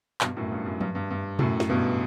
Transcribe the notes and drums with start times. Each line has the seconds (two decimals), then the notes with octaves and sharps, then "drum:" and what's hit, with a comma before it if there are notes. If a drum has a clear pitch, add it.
0.21 G2 B2, drum: clap
0.36 F#2 A2
0.51 G2
0.66 F#2
0.81 G2, drum: tom F3
0.95 G2
1.10 G2
1.39 F#2 A2, drum: tom B2
1.60 drum: snare
1.69 G2 B2